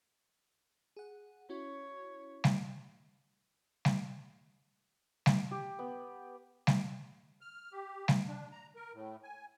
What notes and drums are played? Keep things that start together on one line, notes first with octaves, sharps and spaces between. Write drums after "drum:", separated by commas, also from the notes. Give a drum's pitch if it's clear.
G#4 F#5
C#4 E4 F#4 C#5
drum: snare G3
drum: snare G3
drum: snare G3
G4
B3
drum: snare G3
F6
G4
drum: snare G3
D4
A#5
A#4
A2
G#5